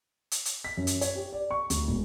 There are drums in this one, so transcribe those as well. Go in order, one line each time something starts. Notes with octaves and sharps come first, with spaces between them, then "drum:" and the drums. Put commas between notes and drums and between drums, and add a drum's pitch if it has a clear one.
drum: hi-hat
drum: hi-hat
B6
F#2
drum: hi-hat
C#5, drum: hi-hat
G4
D5
C#6
D2, drum: hi-hat
E1